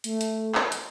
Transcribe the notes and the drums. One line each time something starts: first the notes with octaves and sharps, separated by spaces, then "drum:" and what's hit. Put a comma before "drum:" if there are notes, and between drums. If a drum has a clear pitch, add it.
A3, drum: hi-hat
drum: hi-hat
drum: clap
drum: hi-hat